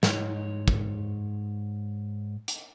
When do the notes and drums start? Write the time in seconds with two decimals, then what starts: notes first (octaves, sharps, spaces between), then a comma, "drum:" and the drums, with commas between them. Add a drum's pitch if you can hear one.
0.03 G#2 C#5, drum: snare
0.68 drum: kick
2.48 drum: hi-hat